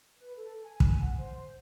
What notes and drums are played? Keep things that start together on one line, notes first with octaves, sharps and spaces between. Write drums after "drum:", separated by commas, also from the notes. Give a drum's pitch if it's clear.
B4
A4
G#5
drum: kick
F#5
C5